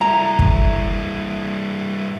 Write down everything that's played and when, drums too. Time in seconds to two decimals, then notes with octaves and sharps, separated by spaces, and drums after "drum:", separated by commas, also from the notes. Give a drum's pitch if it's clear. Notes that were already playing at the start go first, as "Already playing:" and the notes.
0.01 G2 E4 A#5
0.39 drum: kick